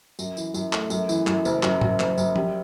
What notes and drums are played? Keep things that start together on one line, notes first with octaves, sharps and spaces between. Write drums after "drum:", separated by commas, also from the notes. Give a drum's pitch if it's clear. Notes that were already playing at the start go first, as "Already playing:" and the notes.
F#2, drum: tambourine
E3, drum: tambourine
F#2, drum: tambourine
A3, drum: clap
F#2, drum: tambourine
E3, drum: tambourine
F#2, drum: clap
F#1, drum: tambourine
F#2, drum: clap
F#2, drum: tom
F#1, drum: clap
F#2, drum: tambourine
G3, drum: tom